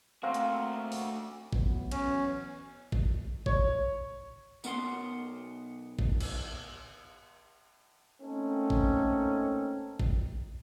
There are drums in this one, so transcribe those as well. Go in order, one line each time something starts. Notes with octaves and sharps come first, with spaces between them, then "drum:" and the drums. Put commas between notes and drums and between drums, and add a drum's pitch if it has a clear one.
A3 A#3 C4 F#4 A#4 F5
drum: hi-hat
drum: open hi-hat
E3 F#3 B3, drum: kick G#1
C#4, drum: cymbal
drum: kick G#1
C#5, drum: kick G#1
B1 B3 A#4 F#5 C6, drum: tambourine
drum: kick G#1
drum: cymbal
A3 A#3 C4 C#4 D#4 A4
drum: kick G#1
drum: kick G#1